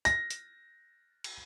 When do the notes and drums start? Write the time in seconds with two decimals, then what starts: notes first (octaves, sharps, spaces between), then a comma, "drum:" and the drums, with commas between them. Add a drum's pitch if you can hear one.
0.05 A#6, drum: hi-hat
0.30 drum: hi-hat
1.24 drum: cymbal